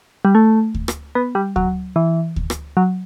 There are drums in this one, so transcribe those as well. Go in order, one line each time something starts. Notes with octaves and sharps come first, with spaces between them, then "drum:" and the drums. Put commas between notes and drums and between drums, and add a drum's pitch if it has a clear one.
G3
A3
drum: kick D2
drum: rim click
B3
G3
F#3, drum: kick D2
E3
drum: kick D2
drum: rim click
F#3